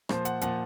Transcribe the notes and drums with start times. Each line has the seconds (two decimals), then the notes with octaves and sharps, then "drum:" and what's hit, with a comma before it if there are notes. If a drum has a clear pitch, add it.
0.09 A#2 F3 C5, drum: rim click
0.25 F#5, drum: hi-hat
0.41 A#2 F3 F#5, drum: hi-hat